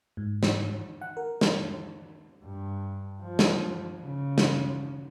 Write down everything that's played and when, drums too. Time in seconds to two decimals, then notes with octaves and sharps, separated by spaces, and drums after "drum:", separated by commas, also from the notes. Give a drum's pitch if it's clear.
0.17 G#2
0.43 drum: snare
1.01 F#5
1.17 A#4
1.41 drum: snare
2.44 G2
3.21 F3
3.39 drum: snare
4.01 C#3
4.38 drum: snare